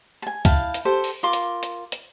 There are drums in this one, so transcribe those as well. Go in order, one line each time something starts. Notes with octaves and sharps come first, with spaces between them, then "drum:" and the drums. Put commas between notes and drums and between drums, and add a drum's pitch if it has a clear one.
G#5 A5
E4 F5 G5 A5, drum: kick, hi-hat
drum: hi-hat
G4 A4 C5
drum: open hi-hat
F4 A#4 C6 D6
drum: hi-hat
drum: hi-hat
drum: hi-hat